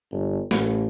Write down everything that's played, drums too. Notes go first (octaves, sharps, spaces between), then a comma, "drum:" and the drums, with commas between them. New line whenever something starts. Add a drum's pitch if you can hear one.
G1
A1, drum: snare